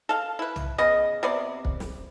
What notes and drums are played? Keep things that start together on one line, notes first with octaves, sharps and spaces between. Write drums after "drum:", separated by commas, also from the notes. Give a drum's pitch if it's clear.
A4 F5
E4 B4
drum: tom
C#3 B3 D#5
C3 B3 D5
drum: kick
drum: snare